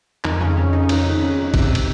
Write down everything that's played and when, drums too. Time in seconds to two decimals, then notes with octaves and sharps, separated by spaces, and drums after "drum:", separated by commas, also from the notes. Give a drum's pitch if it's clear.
0.24 F2 D#3 D#4, drum: clap
0.40 F2 C#3 C#4
0.57 F2 C#3 C#4
0.73 C#3 D#4
0.82 C#4
0.89 F2 D#3 D#4, drum: cymbal
1.06 C#3
1.22 C#3
1.38 F2
1.54 C3, drum: kick, cymbal
1.75 drum: cymbal